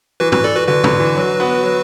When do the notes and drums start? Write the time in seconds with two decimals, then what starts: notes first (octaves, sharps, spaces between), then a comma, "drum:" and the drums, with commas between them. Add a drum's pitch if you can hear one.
0.20 E3 F#4 B4
0.32 F#4 B4, drum: tom G#2
0.44 A4 D5
0.56 F#4 B4
0.68 D3 F#4 B4
0.84 D3, drum: tom G#2
1.00 E3
1.15 F#3
1.40 B3
1.63 F#3